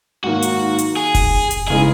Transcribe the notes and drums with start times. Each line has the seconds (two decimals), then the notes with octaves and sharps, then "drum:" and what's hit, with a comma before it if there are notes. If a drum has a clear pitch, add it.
0.24 G#2 D#3 F#3 A#3 F#4
0.42 drum: hi-hat
0.78 drum: hi-hat
0.97 G#4
1.15 drum: kick F1, open hi-hat
1.51 drum: hi-hat
1.68 C#3 E3 G#3 D#4 G#4